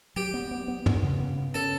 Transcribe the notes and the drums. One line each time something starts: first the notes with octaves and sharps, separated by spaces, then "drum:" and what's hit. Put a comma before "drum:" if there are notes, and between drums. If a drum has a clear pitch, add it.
F#3 G4
B3
B3
B3
B3, drum: tom
C#3
B3
B3
C#4 A4